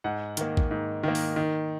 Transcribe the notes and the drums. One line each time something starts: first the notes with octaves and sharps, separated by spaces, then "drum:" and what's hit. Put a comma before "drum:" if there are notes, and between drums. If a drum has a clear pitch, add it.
G#2 F#5
D#3 A#3, drum: hi-hat
drum: kick A1
G#2
D#3 A#3
drum: open hi-hat
D#3